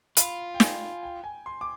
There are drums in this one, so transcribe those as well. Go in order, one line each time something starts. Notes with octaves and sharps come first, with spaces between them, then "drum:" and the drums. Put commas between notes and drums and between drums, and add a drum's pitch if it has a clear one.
F4 B5, drum: hi-hat
G5
G#5, drum: snare
G5
G#5
C6
D6